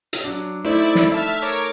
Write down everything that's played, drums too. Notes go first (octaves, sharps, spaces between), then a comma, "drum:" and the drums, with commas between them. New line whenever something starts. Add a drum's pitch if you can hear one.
drum: hi-hat
F#3 D4
A3 D#4 E4 C5 D5
drum: snare
E5 A5 F6
A#4 C#5 D6